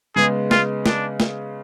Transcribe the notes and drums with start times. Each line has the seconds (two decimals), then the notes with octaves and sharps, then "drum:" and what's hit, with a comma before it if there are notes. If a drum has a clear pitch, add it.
0.16 C#3 G#3 B3 G#4
0.51 F4, drum: snare
0.86 D4, drum: snare
1.20 drum: snare